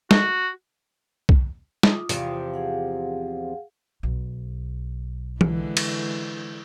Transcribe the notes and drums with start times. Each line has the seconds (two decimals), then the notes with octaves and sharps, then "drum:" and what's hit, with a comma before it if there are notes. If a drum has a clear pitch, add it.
0.11 F#4, drum: snare
1.29 drum: kick B1
1.83 F4 D6 D#6, drum: snare
2.09 E2 C3 F3, drum: hi-hat
2.54 G#4 F5 F#5
4.03 B1
5.41 D3 E3 G#3, drum: tom E3
5.77 drum: cymbal